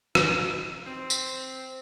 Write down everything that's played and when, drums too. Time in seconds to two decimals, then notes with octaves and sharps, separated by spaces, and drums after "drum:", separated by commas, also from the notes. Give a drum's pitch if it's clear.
0.15 D#4, drum: rim click
0.86 C4
1.10 drum: tambourine